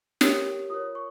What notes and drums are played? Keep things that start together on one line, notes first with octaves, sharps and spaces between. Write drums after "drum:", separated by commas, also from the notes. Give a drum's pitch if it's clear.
G4 A#4 C#5 D#6, drum: snare
F4 A#4 C#5 D#6
C#6